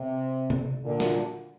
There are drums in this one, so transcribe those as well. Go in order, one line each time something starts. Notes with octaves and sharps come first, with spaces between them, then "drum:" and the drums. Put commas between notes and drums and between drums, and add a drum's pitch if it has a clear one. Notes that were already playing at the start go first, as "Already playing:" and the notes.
Already playing: C3
drum: tom C3
A#2 D3
drum: snare